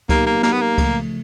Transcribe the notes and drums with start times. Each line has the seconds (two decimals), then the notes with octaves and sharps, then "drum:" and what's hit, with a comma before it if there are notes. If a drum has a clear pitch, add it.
0.09 F#3 A#3 B3 D#4 G4 A#4, drum: kick C#2, cymbal
0.26 A#3
0.43 A#3, drum: snare
0.52 B3
0.62 A#3
0.78 C#3 F3 A3, drum: kick C#2, cymbal